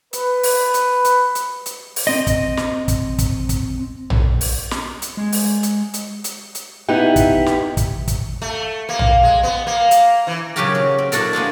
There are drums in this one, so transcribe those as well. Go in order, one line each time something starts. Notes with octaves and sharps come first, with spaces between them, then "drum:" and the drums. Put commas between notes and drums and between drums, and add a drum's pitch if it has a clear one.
B4, drum: hi-hat
drum: open hi-hat
drum: hi-hat
drum: hi-hat
drum: hi-hat
drum: hi-hat
drum: open hi-hat
C4 D#5
drum: kick, hi-hat
drum: snare
drum: kick, hi-hat
drum: kick, hi-hat
drum: kick, hi-hat
drum: tom A#1
drum: open hi-hat
drum: snare
drum: hi-hat
G#3
drum: open hi-hat
drum: hi-hat
drum: hi-hat
drum: hi-hat
drum: hi-hat
B3 D#4 E4 G4
drum: kick, hi-hat
drum: snare
drum: kick, hi-hat
drum: kick, hi-hat
A3
A#3
drum: tom A#1
G#3
B3
A#3
drum: hi-hat
E3
C#3 F#3 C#4 F#4 G4 A#4
F#4
C4
D4 E4 F#4 A4 A#4, drum: hi-hat
G#3 A#3 C4 D4